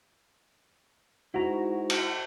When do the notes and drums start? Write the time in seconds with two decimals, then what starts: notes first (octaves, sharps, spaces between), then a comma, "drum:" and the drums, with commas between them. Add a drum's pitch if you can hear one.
1.34 G#2 E4 F#4 A#5
1.90 drum: cymbal